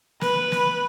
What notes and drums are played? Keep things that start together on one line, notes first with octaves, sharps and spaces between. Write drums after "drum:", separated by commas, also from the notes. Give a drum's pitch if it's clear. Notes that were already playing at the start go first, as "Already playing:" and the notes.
B4, drum: snare
drum: snare